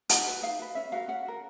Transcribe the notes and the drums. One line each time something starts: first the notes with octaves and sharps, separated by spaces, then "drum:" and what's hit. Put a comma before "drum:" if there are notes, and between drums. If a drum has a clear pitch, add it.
D#4 F#5, drum: hi-hat
F#4 B4
D#4 F5
F#4 B4
C#4 E5
F#4 A#4 F5
C#4 F#5
F#4 A#4